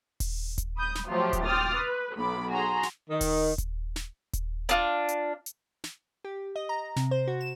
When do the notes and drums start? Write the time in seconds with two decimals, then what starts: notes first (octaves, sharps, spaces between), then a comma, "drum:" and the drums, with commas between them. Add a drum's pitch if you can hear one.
0.20 drum: kick D#1, open hi-hat
0.58 drum: kick D#1, hi-hat
0.77 B5 D#6 G6
0.95 drum: snare
1.08 F3 F#3 A3 F4 G4 C5
1.33 drum: kick D#1, hi-hat
1.44 G5 C6 D6 D#6 F6 A6
1.75 B4
2.16 B1 B5 D6
2.52 F#4 G#4 A#5 C6
2.83 drum: snare
3.10 D#3
3.21 drum: kick D#1, open hi-hat
3.58 drum: kick D#1, hi-hat
3.96 drum: snare
4.33 drum: kick D#1, hi-hat
4.69 D4 F4, drum: hi-hat
5.08 drum: hi-hat
5.46 drum: hi-hat
5.84 drum: snare
6.24 G4
6.56 D#5
6.69 A#5
6.96 C3, drum: snare
7.11 C5
7.27 F#4
7.41 E7